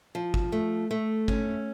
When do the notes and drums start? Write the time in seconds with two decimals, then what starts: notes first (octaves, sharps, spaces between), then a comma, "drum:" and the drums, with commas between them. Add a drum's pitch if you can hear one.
0.15 F3
0.34 drum: kick
0.52 A3
0.91 A3
1.28 C#4, drum: kick